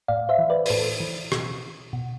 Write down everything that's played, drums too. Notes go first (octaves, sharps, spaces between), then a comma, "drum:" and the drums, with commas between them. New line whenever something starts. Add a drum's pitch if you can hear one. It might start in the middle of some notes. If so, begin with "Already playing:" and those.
A2 D5 F5
C5 E5
E3
B4 D5
B4, drum: open hi-hat
A2 A4 C5
E3
B2, drum: rim click
B2